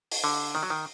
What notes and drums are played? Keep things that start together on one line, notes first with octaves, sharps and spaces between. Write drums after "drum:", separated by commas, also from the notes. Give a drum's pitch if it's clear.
drum: open hi-hat
D3
D#3
F#3
D#3